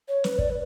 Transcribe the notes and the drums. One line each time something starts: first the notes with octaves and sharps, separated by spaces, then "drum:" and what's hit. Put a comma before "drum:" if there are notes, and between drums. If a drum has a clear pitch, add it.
C#5
B4, drum: snare
D5, drum: kick
B4